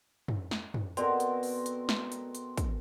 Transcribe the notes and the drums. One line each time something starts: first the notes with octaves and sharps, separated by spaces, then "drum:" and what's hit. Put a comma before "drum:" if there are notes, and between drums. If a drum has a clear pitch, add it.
drum: tom
drum: snare
drum: tom
B2 C4 A4 A#4 D5 C6, drum: hi-hat
drum: hi-hat
drum: open hi-hat
drum: hi-hat
drum: snare
drum: hi-hat
drum: hi-hat
drum: kick, hi-hat